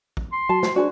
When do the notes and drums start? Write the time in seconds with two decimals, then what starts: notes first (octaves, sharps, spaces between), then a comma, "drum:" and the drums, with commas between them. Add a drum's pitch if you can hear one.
0.17 drum: kick
0.33 C6
0.49 F#3 A5
0.63 C5, drum: snare
0.76 D4 F#4 G#4 C5